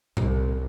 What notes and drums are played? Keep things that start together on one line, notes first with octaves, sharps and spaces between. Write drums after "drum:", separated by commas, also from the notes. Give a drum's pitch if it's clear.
C2, drum: tom A2